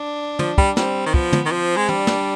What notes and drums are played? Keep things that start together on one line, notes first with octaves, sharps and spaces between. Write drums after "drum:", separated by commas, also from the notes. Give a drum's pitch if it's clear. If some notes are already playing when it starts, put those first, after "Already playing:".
Already playing: D4
F3, drum: tom
G3, drum: kick
G3 C4, drum: snare
D#3
F3 B3, drum: kick
drum: tom
D#3
F3 C4
G#3
G3 D4, drum: tom
drum: snare